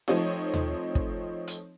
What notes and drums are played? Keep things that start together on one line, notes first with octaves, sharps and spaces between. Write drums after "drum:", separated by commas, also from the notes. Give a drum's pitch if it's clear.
F3 A3 C4 D#4 C#5 D#5, drum: snare F4
drum: tom D#2
drum: kick
drum: hi-hat